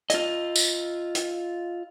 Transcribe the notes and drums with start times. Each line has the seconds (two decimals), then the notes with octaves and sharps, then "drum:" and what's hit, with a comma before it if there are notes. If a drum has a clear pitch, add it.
0.10 F4 D#5, drum: hi-hat
0.56 drum: tambourine
1.15 drum: hi-hat